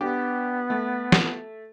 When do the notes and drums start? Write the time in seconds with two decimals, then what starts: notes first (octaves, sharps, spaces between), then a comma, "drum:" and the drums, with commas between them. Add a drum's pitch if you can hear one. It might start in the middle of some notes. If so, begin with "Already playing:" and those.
0.01 B3 D4 G4
0.70 A3
1.12 drum: snare